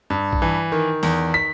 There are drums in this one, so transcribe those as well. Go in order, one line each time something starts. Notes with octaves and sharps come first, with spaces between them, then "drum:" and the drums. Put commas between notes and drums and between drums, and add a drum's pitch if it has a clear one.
G2
drum: kick A#1
E3
D#3
E2, drum: open hi-hat
B6